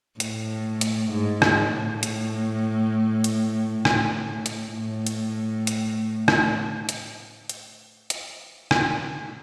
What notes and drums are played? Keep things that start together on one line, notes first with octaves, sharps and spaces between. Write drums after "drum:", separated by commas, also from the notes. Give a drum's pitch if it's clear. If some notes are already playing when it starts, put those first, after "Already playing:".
A2, drum: hi-hat
drum: hi-hat
G#2
G#2, drum: rim click
A2
drum: hi-hat
drum: hi-hat
A2, drum: rim click
drum: hi-hat
A2
drum: hi-hat
drum: hi-hat
drum: rim click
drum: hi-hat
drum: hi-hat
drum: hi-hat
drum: rim click